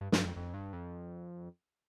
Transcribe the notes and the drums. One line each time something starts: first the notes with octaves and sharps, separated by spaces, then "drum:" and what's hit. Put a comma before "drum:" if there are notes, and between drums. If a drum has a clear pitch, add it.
G2
G2, drum: snare
F2
F2
G2
F2